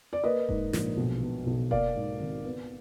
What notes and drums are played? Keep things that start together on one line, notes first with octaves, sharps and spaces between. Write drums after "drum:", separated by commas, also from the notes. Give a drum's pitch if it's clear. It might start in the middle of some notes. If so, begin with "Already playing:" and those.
D5
A#3 B4 D#5
G#2, drum: kick E1
A#1, drum: snare
B1
B2
B1
A#3 D5 F5, drum: kick E1
G#2
G#1
B3